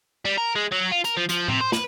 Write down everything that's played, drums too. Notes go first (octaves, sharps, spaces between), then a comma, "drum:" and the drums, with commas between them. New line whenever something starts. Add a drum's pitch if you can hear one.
G3
A#4
G#3
F#3
F4
A#4, drum: hi-hat
F3
F3, drum: hi-hat
C3, drum: tom A2
C5
B4, drum: snare